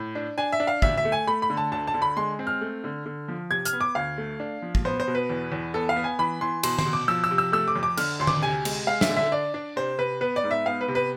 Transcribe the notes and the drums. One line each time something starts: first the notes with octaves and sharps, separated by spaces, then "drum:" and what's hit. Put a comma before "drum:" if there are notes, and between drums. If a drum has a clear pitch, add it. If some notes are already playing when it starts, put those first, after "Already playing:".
Already playing: A2
D4
D4 G#5
E5
D4
F5
D2 E5, drum: kick
E5
A3
G#5
A3 B5
B5
D3
A5
D2 A5
A5
D3
B5
G#3 C6
C4
F6
A3
D3
D3
F3
C3 G#6
F6, drum: hi-hat
B3
D6
D2 F5
A3
D4
F3
drum: kick
B3 C5
C5
B2
B4
E2
E2
B3 A4
F5
B3
G#5
E3 B5
E3 C6
B2 C6, drum: cymbal
C6, drum: tom D#3
B2
D6
F3 E6
E6
C3
E6
A3 E6
D6
F2
D6
D3 F6, drum: cymbal
D2 C6
D6, drum: tom D#3
C3 G#5
G#3, drum: cymbal
G#3 F5
E5, drum: snare
D3
E5
D4 D5
D4
C3 C5
C3 B4
B3 B4
D5
G#2
E5
B3 F5
B4
C3
B4